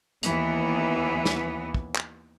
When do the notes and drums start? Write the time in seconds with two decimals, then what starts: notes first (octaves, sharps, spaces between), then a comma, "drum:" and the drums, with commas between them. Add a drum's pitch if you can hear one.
0.23 D#2 E3 B3, drum: hi-hat
1.25 drum: snare
1.74 drum: kick
1.96 drum: clap